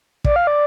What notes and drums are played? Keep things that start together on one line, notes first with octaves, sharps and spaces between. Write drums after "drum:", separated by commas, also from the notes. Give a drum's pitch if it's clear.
D5, drum: kick
F5
D5